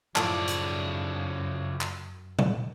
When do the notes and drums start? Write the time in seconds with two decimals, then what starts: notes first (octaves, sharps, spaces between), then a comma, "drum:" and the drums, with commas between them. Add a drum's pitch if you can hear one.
0.16 F#2 A2 C#3 F3 G#4 D5 A5, drum: clap
0.48 drum: hi-hat
1.81 drum: clap
2.39 drum: tom A#2